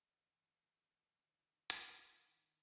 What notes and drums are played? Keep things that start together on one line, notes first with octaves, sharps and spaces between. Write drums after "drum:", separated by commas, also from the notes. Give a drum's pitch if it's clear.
E3
D#3
E3, drum: hi-hat
D#3